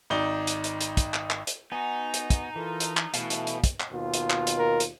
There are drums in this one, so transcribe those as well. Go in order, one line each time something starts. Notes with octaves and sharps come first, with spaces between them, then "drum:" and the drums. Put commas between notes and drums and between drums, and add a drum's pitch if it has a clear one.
G#1 D#4 D5 G7
drum: hi-hat
drum: hi-hat
drum: hi-hat
drum: kick, hi-hat
drum: clap
drum: clap
drum: hi-hat
B3 D#4 F#4 G#5
drum: hi-hat
drum: kick, hi-hat
E3 F4 A4 A#4
drum: hi-hat
drum: clap
B2 E3 A3 F5 A5 F6, drum: hi-hat
drum: hi-hat
drum: hi-hat
drum: kick, hi-hat
drum: clap
D#2 B2 F4
drum: hi-hat
drum: clap
drum: hi-hat
A#4
drum: hi-hat